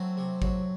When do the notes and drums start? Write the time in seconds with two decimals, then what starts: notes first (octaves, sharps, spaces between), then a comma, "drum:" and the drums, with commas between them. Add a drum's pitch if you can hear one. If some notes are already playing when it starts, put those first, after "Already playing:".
Already playing: F#3 A3 C4
0.17 C3
0.42 F#3, drum: kick G#1